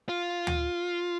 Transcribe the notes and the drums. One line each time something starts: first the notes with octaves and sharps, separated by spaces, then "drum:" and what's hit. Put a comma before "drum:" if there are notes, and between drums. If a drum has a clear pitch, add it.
F4
drum: tom D2